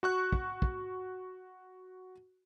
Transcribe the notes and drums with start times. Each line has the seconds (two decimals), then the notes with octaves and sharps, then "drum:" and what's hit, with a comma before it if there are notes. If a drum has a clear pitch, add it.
0.03 F#4 C#6 F#6
0.32 drum: kick
0.62 drum: kick